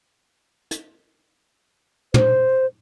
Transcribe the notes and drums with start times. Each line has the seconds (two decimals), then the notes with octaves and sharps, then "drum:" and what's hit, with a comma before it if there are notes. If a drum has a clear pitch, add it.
0.71 drum: hi-hat
2.14 C5, drum: tom